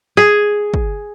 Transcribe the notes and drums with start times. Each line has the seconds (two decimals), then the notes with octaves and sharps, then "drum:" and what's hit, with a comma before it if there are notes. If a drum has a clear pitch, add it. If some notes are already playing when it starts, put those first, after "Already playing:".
0.17 G#4
0.74 drum: kick